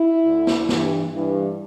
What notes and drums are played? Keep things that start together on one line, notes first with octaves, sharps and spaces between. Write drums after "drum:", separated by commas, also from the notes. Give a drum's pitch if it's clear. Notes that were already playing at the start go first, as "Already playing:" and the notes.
Already playing: E4
D2 D3
drum: snare
G2 E3, drum: snare
G2 E3